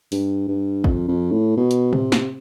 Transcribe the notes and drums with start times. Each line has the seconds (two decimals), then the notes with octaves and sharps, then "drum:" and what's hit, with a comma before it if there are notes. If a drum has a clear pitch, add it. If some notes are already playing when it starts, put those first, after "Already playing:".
0.12 G2, drum: open hi-hat
0.48 G2
0.84 F2, drum: kick
1.08 F2
1.32 A2
1.57 B2
1.71 drum: hi-hat
1.93 C3, drum: tom A2
2.12 drum: snare